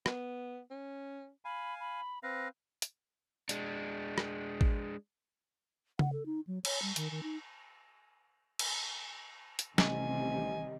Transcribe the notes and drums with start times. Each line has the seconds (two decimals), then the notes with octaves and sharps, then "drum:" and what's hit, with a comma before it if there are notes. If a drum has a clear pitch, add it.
0.06 B3, drum: rim click
0.71 C#4
1.45 F5 G#5 B5
1.80 B5
2.23 C4 B4 F5 A#6
2.82 drum: hi-hat
3.49 G#3 D4, drum: hi-hat
4.18 drum: rim click
4.61 drum: kick
5.99 F#5, drum: tom C#3
6.13 A4
6.26 D#4
6.47 F#3
6.65 C#5, drum: cymbal
6.82 G3
6.96 D#3, drum: hi-hat
7.11 D#3
7.23 D#4
8.59 drum: cymbal
9.59 drum: hi-hat
9.78 A1 C3 D#3 G3 D#5 G#5, drum: snare